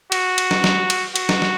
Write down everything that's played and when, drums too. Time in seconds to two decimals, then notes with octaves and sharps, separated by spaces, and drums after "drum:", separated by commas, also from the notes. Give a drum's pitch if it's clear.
0.12 F#4, drum: cymbal
0.38 drum: cymbal
0.51 drum: snare
0.64 drum: snare
0.90 drum: cymbal
1.16 F#4, drum: cymbal
1.29 drum: snare
1.42 drum: snare